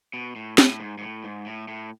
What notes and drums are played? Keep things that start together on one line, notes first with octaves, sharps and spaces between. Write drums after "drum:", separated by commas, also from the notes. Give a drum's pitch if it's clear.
B2
A2
A2, drum: snare
G#2
G#2
A2
G#2
A2
A2